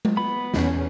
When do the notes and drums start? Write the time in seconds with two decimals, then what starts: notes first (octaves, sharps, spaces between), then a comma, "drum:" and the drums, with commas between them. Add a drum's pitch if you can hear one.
0.05 drum: tom G#3
0.17 B3 B5
0.54 E2 C#4, drum: snare